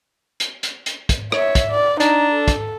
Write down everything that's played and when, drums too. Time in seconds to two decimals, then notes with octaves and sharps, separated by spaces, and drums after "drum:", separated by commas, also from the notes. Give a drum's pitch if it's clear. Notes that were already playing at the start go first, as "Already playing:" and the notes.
0.40 drum: hi-hat
0.63 drum: hi-hat
0.86 drum: hi-hat
1.09 drum: kick, hi-hat
1.32 C#5 E5, drum: rim click
1.55 drum: kick, hi-hat
1.70 D5
2.00 D4 D#4 A#5, drum: hi-hat
2.32 A4
2.48 drum: kick, hi-hat